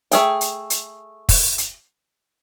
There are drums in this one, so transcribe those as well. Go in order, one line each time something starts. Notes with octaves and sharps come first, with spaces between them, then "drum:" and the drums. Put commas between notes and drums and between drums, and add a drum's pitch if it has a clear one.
A3 G#4 G5, drum: hi-hat
drum: hi-hat
drum: hi-hat
drum: kick, open hi-hat
drum: hi-hat